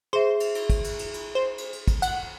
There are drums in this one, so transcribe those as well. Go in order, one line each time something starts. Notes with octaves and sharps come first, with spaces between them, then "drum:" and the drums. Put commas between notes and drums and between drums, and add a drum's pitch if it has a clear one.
G#4 C5 E5
drum: cymbal
drum: cymbal
drum: kick, cymbal
drum: cymbal
drum: cymbal
drum: cymbal
C5
drum: cymbal
drum: cymbal
drum: kick, cymbal
F#5, drum: cymbal